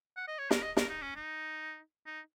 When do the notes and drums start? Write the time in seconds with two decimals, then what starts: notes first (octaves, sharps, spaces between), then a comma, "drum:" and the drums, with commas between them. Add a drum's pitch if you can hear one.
0.17 F#5
0.28 D#5
0.39 C#5
0.51 A#4, drum: snare
0.62 D#5
0.77 A#4, drum: snare
0.89 D#4
1.02 C#4
1.16 D#4
2.06 D#4